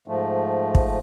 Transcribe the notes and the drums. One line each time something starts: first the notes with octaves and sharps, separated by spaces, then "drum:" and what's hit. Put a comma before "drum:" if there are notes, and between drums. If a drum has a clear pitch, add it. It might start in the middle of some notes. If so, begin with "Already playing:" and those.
G#2 F3 A3
drum: kick